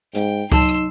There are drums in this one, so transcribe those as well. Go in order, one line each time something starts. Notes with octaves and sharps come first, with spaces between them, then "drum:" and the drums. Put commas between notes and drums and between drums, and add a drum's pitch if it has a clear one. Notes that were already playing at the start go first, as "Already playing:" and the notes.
G#2 G5, drum: hi-hat
F#3 D#4 A5 C6 E6, drum: kick C#2